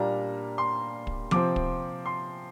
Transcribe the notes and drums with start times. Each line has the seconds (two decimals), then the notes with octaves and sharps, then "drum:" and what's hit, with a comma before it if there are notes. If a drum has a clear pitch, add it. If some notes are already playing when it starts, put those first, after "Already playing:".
Already playing: A#2 G3 A#3 D4 A#5
0.58 C6
1.07 drum: kick
1.31 C3 F3 C4 D6, drum: tom F3
1.56 drum: kick
2.06 C6